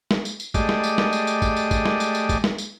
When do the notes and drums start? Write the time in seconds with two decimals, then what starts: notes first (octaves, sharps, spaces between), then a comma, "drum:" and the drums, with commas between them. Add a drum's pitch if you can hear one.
0.11 drum: snare
0.25 drum: tambourine
0.40 drum: tambourine
0.54 G#3 A3 G4 D5 D#5, drum: kick, tambourine
0.69 drum: snare
0.83 drum: tambourine
0.98 drum: snare
1.13 drum: tambourine
1.27 drum: tambourine
1.42 drum: kick, tambourine
1.56 drum: tambourine
1.71 drum: kick, tambourine
1.86 drum: snare
2.00 drum: tambourine
2.15 drum: tambourine
2.29 drum: kick, tambourine
2.44 drum: snare
2.58 drum: tambourine